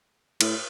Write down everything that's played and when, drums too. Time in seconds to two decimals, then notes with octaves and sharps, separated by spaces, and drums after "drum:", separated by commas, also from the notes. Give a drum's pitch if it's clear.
0.41 A2, drum: cymbal